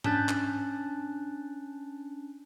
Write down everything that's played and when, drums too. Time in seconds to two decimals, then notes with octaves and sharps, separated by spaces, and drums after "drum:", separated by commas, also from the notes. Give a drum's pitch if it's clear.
0.04 C#4 D4 A5 F#6 G6 A6, drum: tom G#2
0.28 drum: clap